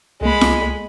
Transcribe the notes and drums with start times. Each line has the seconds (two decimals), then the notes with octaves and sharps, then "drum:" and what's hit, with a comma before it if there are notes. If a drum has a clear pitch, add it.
0.21 C2 G#3 A#3 B5
0.41 drum: snare